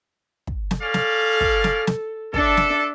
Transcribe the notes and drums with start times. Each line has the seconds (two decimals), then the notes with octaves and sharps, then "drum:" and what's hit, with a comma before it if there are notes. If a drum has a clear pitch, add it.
0.47 drum: kick
0.71 drum: snare
0.82 C#4 A4 D5 F5
0.94 drum: snare
1.41 drum: kick
1.64 drum: snare
1.87 drum: snare
2.34 D4 A4 E5, drum: kick
2.57 drum: snare